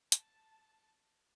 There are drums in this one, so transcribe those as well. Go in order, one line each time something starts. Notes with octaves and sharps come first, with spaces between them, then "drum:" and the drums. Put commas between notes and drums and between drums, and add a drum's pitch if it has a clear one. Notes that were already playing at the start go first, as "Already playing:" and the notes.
A5, drum: hi-hat